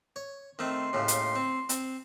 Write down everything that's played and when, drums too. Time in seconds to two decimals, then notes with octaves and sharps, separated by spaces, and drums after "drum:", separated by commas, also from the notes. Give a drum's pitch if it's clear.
0.16 C#5
0.59 D#3 A3 C4 C6
0.93 D#2 A2 C#3
1.08 drum: hi-hat
1.36 C4
1.69 C4, drum: hi-hat